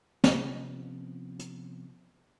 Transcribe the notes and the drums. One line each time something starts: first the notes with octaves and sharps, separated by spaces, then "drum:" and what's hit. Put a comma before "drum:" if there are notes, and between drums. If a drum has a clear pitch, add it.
C3 F3 B3 C#4, drum: snare
drum: hi-hat